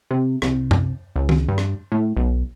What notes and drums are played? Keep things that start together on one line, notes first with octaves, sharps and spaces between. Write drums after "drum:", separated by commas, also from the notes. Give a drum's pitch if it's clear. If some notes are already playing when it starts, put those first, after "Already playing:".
C3
C2, drum: rim click
drum: tom F#2
C#2
drum: tom D#3
G2
drum: rim click
A2
B1